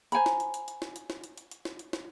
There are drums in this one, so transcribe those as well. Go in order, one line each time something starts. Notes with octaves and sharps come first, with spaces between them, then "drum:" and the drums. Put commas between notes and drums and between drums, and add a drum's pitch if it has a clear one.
C5 G#5 A#5 B5, drum: hi-hat
drum: snare
drum: hi-hat
drum: hi-hat
drum: hi-hat
drum: snare
drum: hi-hat
drum: snare
drum: hi-hat
drum: hi-hat
drum: hi-hat
drum: snare
drum: hi-hat
drum: snare